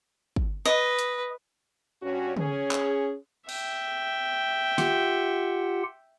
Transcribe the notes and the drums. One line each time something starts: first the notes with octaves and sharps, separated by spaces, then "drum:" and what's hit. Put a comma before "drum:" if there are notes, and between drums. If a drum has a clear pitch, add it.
drum: kick
B4 D#5, drum: hi-hat
drum: hi-hat
G2 C#4 F#4
C#4 G#4, drum: tom
drum: clap
E5 G5, drum: cymbal
F4 G4 F#5, drum: snare